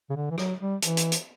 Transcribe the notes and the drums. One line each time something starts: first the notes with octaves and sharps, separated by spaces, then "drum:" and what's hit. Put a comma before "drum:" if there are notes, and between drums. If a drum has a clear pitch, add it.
C#3
D3
E3
F#3, drum: rim click
G3
E3, drum: hi-hat
drum: hi-hat
drum: hi-hat